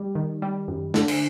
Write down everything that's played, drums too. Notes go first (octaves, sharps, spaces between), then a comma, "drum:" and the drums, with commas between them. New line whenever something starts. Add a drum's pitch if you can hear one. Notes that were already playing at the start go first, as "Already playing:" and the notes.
Already playing: G3
D#3
G3
F#2
D3, drum: snare
drum: cymbal